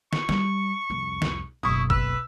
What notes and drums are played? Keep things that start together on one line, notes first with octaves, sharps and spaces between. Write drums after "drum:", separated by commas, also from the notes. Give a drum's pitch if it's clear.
C#6, drum: snare
G3, drum: snare
C2 F2
drum: snare
F#1 B1 E4 C#6 D#6
B4 E6, drum: kick